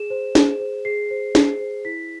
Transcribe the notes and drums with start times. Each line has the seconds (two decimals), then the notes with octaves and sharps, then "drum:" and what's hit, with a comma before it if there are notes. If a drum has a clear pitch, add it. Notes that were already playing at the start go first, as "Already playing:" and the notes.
Already playing: G#4 E7
0.10 C5
0.35 G#4, drum: snare
0.60 C5
0.85 G#4 C7
1.10 C5
1.35 G#4, drum: snare
1.60 C5
1.85 E4 B6